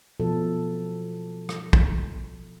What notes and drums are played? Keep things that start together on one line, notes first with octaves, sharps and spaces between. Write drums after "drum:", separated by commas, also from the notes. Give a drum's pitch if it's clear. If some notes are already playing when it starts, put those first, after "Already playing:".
B2 F3 A4
drum: rim click
drum: kick